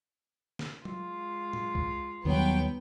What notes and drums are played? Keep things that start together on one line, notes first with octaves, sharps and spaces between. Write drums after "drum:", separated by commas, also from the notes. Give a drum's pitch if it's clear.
drum: snare
G#3 F4, drum: tom
drum: tom A#2
drum: kick C2
D#2 D#3 F#3 G3 B3 G5